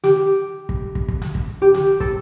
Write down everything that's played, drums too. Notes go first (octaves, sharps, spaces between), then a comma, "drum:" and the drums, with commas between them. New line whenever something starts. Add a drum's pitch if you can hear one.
G4, drum: snare
drum: kick
drum: kick
drum: kick
drum: snare
drum: kick
G4
drum: snare
A4, drum: kick